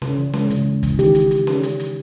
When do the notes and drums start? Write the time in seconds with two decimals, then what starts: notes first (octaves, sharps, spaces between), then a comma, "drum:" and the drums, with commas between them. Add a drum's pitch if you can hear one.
0.02 C#3, drum: snare C#4
0.18 E3
0.34 G#3, drum: snare C#4
0.50 C#3, drum: hi-hat
0.66 C#3
0.83 E3, drum: kick, hi-hat
0.99 D#3 G4, drum: hi-hat
1.15 drum: hi-hat
1.31 drum: hi-hat
1.47 drum: snare C#4
1.63 drum: hi-hat
1.80 drum: hi-hat